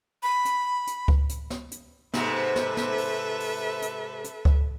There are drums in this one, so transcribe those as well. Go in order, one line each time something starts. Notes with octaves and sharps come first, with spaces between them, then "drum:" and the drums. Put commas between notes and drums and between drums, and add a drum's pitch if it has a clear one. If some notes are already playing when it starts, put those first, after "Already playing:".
B5
drum: hi-hat
drum: hi-hat
drum: kick C#2
drum: hi-hat
drum: snare
drum: hi-hat
G#2 C3 A4 B4 E5, drum: snare
drum: snare
drum: snare
drum: open hi-hat
drum: open hi-hat
drum: hi-hat
drum: hi-hat
drum: kick C#2